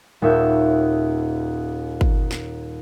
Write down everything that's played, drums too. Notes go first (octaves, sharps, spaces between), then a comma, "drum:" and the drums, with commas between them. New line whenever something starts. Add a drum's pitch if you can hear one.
D#1 D#2 C#5 E5 E6 G6
drum: kick
drum: snare